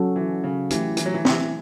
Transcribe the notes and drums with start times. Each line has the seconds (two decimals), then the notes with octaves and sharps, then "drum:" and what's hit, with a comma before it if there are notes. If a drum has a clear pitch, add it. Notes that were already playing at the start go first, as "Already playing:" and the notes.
Already playing: F#3 C#4 F#4 A4
0.16 E3
0.44 C#3
0.70 E3 A3 E4 G4, drum: hi-hat
0.97 E3, drum: hi-hat
1.06 F#3
1.14 E3
1.25 E3, drum: snare